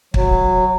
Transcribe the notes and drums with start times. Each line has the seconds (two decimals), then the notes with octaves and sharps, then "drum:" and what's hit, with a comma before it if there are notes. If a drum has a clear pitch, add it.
0.14 F#3, drum: kick